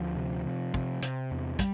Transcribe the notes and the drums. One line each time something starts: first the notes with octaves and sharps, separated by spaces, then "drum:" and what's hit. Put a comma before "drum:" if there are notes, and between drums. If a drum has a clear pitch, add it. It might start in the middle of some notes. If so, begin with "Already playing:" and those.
Already playing: D2 F3
C3
C3
C3, drum: kick
C3, drum: hi-hat
E2
G3, drum: kick, hi-hat